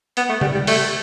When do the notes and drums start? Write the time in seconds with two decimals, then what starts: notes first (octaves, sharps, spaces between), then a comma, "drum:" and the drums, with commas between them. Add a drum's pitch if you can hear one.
0.17 B3, drum: hi-hat
0.29 A3
0.41 G3, drum: tom C#3
0.54 G3
0.67 A3, drum: open hi-hat